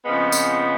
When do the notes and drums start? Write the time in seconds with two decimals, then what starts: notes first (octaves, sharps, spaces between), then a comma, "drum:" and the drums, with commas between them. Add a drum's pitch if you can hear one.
0.05 F2 C#3 F3 G#3 B3
0.32 drum: tambourine